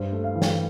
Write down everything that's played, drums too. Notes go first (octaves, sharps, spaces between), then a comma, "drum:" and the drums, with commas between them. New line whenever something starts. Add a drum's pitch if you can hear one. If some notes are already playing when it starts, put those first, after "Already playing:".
Already playing: G2 C5
A3
F5
E3
G5, drum: snare